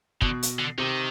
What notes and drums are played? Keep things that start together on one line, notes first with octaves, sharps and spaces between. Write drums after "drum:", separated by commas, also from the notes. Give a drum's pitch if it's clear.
B2 D3, drum: kick
drum: hi-hat
D3
C3 D#3